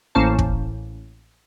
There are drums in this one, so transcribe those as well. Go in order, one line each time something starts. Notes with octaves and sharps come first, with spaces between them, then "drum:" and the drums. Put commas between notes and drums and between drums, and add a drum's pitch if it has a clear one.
A1 A2 A#3 C#4 C5 A5
drum: kick